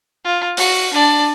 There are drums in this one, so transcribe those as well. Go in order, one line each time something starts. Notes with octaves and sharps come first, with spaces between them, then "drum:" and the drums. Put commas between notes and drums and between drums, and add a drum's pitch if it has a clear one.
F4
F#4, drum: open hi-hat
D4 D5